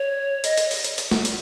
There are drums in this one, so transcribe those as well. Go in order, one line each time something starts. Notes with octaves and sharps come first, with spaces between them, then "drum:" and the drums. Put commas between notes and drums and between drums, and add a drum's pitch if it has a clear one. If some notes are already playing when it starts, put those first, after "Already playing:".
Already playing: C#5
D#5, drum: hi-hat
drum: hi-hat
drum: open hi-hat
drum: hi-hat
drum: hi-hat
drum: snare
drum: hi-hat